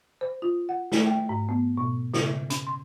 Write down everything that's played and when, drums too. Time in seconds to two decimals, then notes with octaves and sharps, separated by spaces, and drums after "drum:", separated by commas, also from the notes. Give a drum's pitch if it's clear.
0.21 C5
0.42 F4
0.69 F#5
0.92 A3, drum: snare
1.06 G5
1.29 G#2
1.49 B3
1.77 B2
2.14 C#3, drum: snare
2.50 C#4, drum: hi-hat
2.67 C6